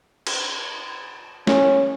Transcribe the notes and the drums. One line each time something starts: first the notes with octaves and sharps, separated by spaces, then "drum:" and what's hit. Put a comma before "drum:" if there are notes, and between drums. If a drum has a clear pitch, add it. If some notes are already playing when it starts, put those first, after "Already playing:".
drum: cymbal
C#4, drum: snare